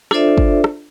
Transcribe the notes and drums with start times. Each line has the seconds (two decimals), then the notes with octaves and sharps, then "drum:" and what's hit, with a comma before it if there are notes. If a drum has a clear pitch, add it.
0.11 D4 F4 A4 C5 D5 E5, drum: rim click
0.38 drum: kick
0.64 drum: rim click